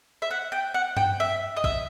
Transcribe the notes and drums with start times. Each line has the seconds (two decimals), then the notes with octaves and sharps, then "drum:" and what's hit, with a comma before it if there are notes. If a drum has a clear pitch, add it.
0.22 E5
0.31 F#5
0.52 G5
0.74 F#5
0.97 G5, drum: tom G2
1.20 E5
1.57 D#5
1.64 E5, drum: kick